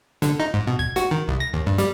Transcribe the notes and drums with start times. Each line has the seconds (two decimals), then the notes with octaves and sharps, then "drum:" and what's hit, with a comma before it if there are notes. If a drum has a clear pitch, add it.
0.22 D3, drum: snare
0.40 D#4
0.54 G#2
0.67 B2
0.79 G#6, drum: kick
0.96 F#4, drum: snare
1.11 D#3
1.28 C2
1.40 A#6
1.53 D#2
1.66 G2
1.78 G3, drum: snare